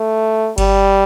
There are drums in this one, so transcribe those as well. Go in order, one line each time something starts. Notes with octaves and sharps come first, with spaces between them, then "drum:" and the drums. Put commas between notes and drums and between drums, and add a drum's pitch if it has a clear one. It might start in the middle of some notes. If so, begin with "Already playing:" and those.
Already playing: A3
G3, drum: kick G1, cymbal